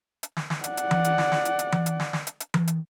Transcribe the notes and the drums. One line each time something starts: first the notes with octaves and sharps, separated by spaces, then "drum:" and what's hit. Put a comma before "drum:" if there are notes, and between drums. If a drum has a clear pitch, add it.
drum: hi-hat
drum: snare
drum: snare
D5 F#5, drum: hi-hat
drum: hi-hat
drum: tom E3
drum: hi-hat
drum: snare
drum: snare
drum: hi-hat
drum: hi-hat
drum: tom E3
drum: hi-hat
drum: snare
drum: snare
drum: hi-hat
drum: hi-hat
drum: tom E3
drum: hi-hat